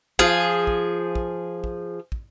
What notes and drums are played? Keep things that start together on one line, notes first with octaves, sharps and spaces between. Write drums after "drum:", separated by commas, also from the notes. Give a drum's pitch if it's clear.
F3 G#4, drum: kick
drum: kick
drum: kick
drum: kick
drum: kick